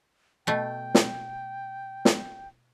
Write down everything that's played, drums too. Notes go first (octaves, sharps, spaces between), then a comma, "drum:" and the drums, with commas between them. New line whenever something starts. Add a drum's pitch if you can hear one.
B2 A3 G5
drum: snare
drum: snare